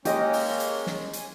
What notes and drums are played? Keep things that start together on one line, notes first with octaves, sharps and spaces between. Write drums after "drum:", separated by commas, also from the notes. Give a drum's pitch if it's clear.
G#3 A#3 C#4 G4 D#5, drum: hi-hat
drum: open hi-hat
drum: hi-hat
drum: snare
G#5, drum: hi-hat